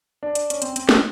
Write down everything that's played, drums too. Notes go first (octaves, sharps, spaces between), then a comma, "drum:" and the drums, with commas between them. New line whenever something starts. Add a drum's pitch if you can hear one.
D4
drum: hi-hat
C#4, drum: hi-hat
C4, drum: hi-hat
C4, drum: hi-hat
drum: snare